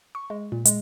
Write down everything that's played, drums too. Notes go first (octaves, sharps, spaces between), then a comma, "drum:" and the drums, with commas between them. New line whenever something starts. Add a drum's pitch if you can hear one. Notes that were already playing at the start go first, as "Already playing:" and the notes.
C#6
G#3
A#2
G#3, drum: hi-hat